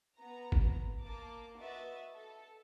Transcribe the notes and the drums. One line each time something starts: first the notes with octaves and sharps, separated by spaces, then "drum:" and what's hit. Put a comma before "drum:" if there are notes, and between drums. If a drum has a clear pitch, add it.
B3 A#5
drum: kick G1
A#3 A5 D6
F#4 B4 D#5 E5 A6
A4